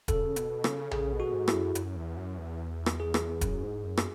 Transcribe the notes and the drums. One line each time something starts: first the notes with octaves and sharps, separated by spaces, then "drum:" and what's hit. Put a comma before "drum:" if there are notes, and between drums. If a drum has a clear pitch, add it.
C#3 A4, drum: kick, hi-hat
B2, drum: hi-hat
C#3, drum: rim click
C#3 G#4, drum: tom A#1
B2
F#4
G#2
E4, drum: rim click
F#2
F#2, drum: hi-hat
E2
F#2
E2
drum: rim click
G#4
drum: rim click
F#2, drum: kick, hi-hat
G#2
F#2
drum: rim click